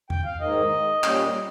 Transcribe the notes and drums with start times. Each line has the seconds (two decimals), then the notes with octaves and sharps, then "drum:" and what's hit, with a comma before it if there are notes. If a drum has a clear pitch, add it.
0.10 G5, drum: tom E2
0.25 F5
0.40 G#2 D#3 A#3 D#5
1.04 A#2 G3 A#3 C#4, drum: clap